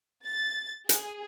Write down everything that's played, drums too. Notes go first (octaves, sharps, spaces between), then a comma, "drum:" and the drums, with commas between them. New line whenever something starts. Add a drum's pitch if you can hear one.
A6
G#4, drum: hi-hat